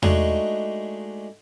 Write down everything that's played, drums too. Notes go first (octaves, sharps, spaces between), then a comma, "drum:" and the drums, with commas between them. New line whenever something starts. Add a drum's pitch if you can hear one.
G#3 A3 D4 D#4 F#4 G#4, drum: tom E2